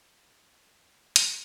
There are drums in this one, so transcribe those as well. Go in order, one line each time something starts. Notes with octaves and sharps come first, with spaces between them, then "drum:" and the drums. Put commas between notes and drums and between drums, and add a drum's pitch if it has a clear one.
F#4
E2
A5
A#5
A3
C5, drum: hi-hat
C6